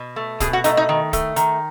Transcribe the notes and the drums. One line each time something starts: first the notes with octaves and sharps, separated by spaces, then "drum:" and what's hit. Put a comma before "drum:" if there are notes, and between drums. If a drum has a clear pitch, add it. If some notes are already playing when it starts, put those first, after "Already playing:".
Already playing: B2
A3
B2 G#4, drum: kick, hi-hat
F#4
A3 D#4, drum: hi-hat
D#4
D#3
A3, drum: kick, hi-hat
D#3, drum: hi-hat